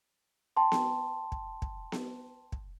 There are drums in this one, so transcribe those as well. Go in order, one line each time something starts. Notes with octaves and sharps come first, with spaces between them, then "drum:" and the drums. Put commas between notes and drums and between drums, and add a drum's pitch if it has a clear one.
G5 A5 C6
drum: snare B3
drum: kick
drum: kick
drum: snare B3
drum: kick